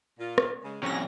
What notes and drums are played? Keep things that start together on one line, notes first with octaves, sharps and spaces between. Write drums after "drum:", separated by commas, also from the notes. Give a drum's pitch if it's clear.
A#2 F4
drum: rim click
C#3 G#3
C2 F2 C#4 D#4 F#4 G4 A#6